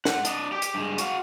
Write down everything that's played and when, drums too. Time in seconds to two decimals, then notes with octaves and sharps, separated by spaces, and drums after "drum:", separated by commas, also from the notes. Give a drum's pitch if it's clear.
0.05 G#2 F#5, drum: snare
0.25 D4 D#5, drum: hi-hat
0.52 G4 G5
0.62 drum: hi-hat
0.74 G2 G#3
0.98 F#4 F5, drum: hi-hat